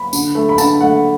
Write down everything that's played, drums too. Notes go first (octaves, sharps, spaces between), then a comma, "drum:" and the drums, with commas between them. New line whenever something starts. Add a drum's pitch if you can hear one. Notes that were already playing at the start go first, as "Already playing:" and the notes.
Already playing: B5
D3, drum: tambourine
A3
B5
D3 A5, drum: tambourine
A3 F#5